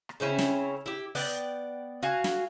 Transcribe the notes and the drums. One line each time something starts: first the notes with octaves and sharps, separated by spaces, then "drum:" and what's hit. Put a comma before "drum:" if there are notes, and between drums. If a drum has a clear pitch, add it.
drum: rim click
C#3 C4 C#4 E4
drum: snare
E4 G4
B3 D5 F#5 G5, drum: open hi-hat
F#4 F5 G#5
drum: snare